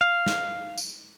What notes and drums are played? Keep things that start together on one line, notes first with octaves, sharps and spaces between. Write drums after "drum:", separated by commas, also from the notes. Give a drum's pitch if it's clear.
F5
drum: snare
drum: tambourine